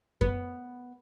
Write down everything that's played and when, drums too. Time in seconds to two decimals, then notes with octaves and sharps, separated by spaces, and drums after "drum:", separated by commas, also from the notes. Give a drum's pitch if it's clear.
0.21 B3, drum: kick F#2